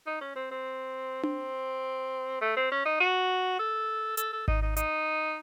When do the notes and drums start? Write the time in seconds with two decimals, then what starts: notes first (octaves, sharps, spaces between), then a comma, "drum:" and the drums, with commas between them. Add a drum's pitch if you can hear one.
0.07 D#4
0.21 C#4
0.36 C4
0.51 C4
1.23 C4, drum: tom D4
2.41 A3
2.57 C4
2.72 C#4
2.85 D#4
3.00 F#4
3.59 A4
4.17 A4, drum: hi-hat
4.33 A4
4.48 D#4, drum: kick G#1
4.62 D#4
4.77 D#4, drum: hi-hat